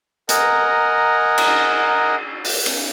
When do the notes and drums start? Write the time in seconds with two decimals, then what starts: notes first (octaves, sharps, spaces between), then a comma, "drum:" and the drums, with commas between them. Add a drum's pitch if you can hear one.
0.29 A#4 D#5 F#5 G#5 A#5, drum: hi-hat
1.38 drum: cymbal
2.45 drum: open hi-hat
2.66 drum: cymbal